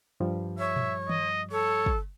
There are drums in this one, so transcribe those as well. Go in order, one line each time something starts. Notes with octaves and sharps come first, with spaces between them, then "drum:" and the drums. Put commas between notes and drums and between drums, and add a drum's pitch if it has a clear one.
G2 F3 G3
C#5 E5
drum: tom A#2
D#5, drum: tom D#3
A4 C#5
drum: kick